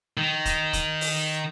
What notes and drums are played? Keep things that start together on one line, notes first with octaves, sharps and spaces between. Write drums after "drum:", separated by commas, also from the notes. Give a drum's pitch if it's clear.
D#3
drum: kick, hi-hat
drum: kick, hi-hat
drum: open hi-hat